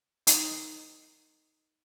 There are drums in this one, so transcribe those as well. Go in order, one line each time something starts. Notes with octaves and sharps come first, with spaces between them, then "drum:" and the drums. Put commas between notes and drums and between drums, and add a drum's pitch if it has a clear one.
D#4, drum: hi-hat